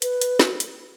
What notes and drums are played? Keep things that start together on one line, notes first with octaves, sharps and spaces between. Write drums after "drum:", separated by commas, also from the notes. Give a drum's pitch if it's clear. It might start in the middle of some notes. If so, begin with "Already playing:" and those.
B4, drum: hi-hat
drum: hi-hat
F#4, drum: snare
drum: hi-hat